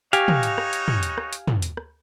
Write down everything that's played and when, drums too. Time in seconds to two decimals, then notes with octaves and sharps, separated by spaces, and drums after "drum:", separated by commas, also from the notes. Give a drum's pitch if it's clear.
0.13 D#4 F#4 G4 C#5 F5 G#5, drum: hi-hat
0.28 drum: tom
0.43 drum: hi-hat
0.58 drum: rim click
0.73 drum: hi-hat
0.88 drum: tom
1.03 drum: hi-hat
1.18 drum: rim click
1.33 drum: hi-hat
1.48 drum: tom
1.62 drum: hi-hat
1.77 drum: rim click